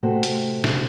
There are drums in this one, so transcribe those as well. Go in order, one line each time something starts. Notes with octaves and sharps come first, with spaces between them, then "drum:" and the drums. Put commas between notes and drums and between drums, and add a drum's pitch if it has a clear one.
C3 A3 F#4 C5
drum: hi-hat
drum: snare